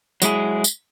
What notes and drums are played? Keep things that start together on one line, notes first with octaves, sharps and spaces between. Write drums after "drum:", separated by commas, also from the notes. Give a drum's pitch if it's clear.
F#3 G#3 E4 G#4, drum: tambourine
drum: tambourine